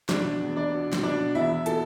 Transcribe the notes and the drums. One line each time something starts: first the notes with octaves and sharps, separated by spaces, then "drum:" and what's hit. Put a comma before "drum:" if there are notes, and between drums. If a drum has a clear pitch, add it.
B2 D4 D5, drum: snare
E2
D4 D5
B2
drum: snare
B2 D4 D5
E2 E4 E5
B2 A4 A5, drum: hi-hat